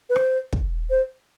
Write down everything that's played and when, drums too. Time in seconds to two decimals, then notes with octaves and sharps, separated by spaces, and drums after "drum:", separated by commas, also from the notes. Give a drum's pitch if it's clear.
0.10 B4
0.16 C5, drum: rim click
0.53 drum: kick
0.90 C5